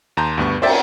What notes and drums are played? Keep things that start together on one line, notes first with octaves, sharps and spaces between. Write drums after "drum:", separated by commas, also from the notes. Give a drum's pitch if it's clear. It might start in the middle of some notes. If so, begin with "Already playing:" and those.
D#2 A5 A#5 C6 G6
D2 G2 B3 C#6
C5 D5 E5 G5 A6, drum: cymbal